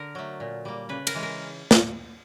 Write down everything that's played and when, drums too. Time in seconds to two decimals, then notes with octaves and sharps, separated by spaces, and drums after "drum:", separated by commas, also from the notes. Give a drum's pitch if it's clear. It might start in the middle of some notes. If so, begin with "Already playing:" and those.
Already playing: D3 A#4
0.15 F#3 A3
0.40 A#2
0.65 G3 A#3
0.89 C#3 B4
1.07 A#4, drum: cymbal
1.14 E3 G#3
1.23 A#4
1.71 drum: snare